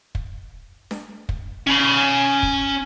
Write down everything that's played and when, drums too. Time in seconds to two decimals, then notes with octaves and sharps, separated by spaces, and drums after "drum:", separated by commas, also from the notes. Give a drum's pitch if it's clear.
0.15 drum: kick
0.91 drum: snare D4
1.29 drum: kick
1.67 C#4 B5
2.43 drum: kick